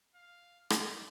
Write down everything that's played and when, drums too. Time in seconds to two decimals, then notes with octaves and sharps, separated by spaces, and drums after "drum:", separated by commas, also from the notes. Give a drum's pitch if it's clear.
0.15 F5
0.70 D5, drum: rim click